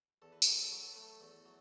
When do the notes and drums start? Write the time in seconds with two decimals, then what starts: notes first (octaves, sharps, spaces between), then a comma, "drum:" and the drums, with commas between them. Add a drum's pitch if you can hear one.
0.22 E2 A4
0.32 B4
0.42 F#3 A4, drum: tambourine
0.52 B4
0.63 A4
0.72 F#3 B4
0.82 A4
0.93 A3 B4
1.02 A4
1.21 E2
1.46 F#3